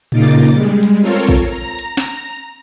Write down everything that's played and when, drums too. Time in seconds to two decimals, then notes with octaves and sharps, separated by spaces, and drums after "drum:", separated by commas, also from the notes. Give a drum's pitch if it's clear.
0.12 A#2 C#3 A#3 D#4 D6 A6, drum: tom A2
0.52 G3 G#3
0.83 drum: hi-hat
1.01 C4 F4 A4 A#4 C#5
1.29 drum: kick
1.47 A#5
1.79 drum: hi-hat
1.97 drum: snare